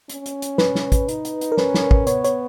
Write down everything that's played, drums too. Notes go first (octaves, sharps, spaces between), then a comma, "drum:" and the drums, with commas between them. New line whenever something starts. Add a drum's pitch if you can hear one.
C#4, drum: hi-hat
drum: hi-hat
drum: hi-hat
B4, drum: snare
drum: snare
drum: kick, hi-hat
D#4, drum: hi-hat
drum: hi-hat
drum: hi-hat
A#4
C#4 B4, drum: snare
drum: snare
drum: kick
B3 C#5, drum: hi-hat
C#5, drum: hi-hat